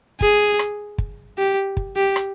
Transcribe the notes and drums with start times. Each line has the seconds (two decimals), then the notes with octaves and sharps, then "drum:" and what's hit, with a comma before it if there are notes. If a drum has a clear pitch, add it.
0.21 G#4, drum: kick
0.59 drum: rim click
0.98 drum: kick
1.38 G4
1.77 drum: kick
1.96 G4
2.16 drum: rim click